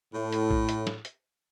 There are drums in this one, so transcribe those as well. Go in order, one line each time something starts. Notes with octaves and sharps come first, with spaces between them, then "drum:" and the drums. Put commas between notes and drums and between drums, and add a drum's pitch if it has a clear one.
A2
drum: hi-hat
drum: kick A#1
drum: hi-hat
drum: snare
drum: hi-hat